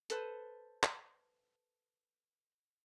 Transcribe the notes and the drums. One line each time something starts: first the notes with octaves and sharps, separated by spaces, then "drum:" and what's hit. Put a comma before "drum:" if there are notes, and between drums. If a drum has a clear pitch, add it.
A4 B4 C5, drum: hi-hat
drum: clap